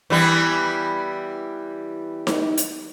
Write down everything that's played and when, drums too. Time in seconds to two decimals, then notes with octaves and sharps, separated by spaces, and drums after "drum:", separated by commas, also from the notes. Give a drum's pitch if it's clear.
0.10 E3 G3 B3
2.27 drum: snare D#4
2.57 drum: hi-hat